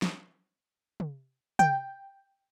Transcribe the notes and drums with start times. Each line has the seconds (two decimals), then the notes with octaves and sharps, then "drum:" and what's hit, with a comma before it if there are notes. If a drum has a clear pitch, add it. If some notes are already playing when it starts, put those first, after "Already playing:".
0.02 drum: snare
1.00 drum: tom
1.59 G5, drum: tom